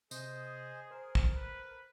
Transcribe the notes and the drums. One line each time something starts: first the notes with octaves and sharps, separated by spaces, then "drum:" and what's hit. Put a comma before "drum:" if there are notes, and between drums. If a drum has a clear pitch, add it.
C3 G#4 C5 D#5, drum: tambourine
A#4 C5
drum: kick
B4